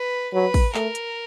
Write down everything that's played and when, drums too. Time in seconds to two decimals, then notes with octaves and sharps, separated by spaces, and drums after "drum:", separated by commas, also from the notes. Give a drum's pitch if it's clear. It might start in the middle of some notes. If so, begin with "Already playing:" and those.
Already playing: B4
0.34 F#3 B4
0.54 drum: kick, open hi-hat
0.74 A3 A#4, drum: clap
0.95 drum: hi-hat